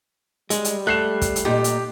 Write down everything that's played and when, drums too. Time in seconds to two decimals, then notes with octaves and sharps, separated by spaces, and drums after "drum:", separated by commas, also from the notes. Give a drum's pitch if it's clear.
0.50 G3 G#3, drum: hi-hat
0.65 drum: hi-hat
0.87 A3 F#6 C7 E7
1.21 drum: kick, hi-hat
1.36 drum: hi-hat
1.45 A#2 D#4 G4
1.64 drum: hi-hat